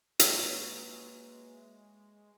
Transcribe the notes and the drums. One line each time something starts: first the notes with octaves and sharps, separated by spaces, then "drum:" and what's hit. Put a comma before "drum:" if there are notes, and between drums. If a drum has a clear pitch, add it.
G#3 A#3 F#4 G#4 B4 C#5 E5 F#6, drum: hi-hat